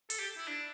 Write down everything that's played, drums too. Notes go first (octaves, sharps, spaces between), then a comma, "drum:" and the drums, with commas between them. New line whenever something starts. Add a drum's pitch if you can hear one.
A4, drum: hi-hat
G4
E4
D4